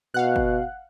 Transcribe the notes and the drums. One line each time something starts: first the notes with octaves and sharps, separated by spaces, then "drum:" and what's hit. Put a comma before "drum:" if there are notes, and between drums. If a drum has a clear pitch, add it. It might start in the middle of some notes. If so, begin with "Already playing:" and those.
B2 F5 F#5 F#6
drum: kick G1